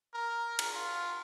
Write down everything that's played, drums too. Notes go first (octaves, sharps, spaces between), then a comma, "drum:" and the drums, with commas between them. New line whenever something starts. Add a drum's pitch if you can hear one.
A#4
drum: cymbal
F4